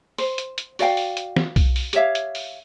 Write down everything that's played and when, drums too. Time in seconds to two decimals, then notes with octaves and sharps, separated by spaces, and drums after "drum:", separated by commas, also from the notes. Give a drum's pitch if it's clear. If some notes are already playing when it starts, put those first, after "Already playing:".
0.18 C5, drum: open hi-hat
0.38 drum: hi-hat
0.58 drum: hi-hat
0.79 F#4 D5 F5 G5, drum: open hi-hat
0.97 drum: open hi-hat
1.17 drum: hi-hat
1.36 drum: snare
1.56 drum: kick B1, open hi-hat
1.76 drum: open hi-hat
1.93 G4 C#5 E5 F5, drum: hi-hat
2.15 drum: hi-hat
2.35 drum: open hi-hat